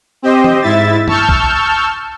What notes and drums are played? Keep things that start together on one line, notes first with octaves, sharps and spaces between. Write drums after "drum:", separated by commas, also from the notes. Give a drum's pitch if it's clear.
C4 G4 C5 D#5
drum: tom
G#2 E4 E5 A6
A5 C#6 E6 F6 G6, drum: tom
drum: kick B1